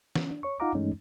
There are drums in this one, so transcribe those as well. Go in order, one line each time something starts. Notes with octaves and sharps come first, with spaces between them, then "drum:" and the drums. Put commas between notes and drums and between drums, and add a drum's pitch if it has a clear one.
C#4, drum: snare E3
D4
C#5 C#6
D#4 F4 F5 F#5 A#5 D6
G2 E3 G#3 A3 C#4 D#4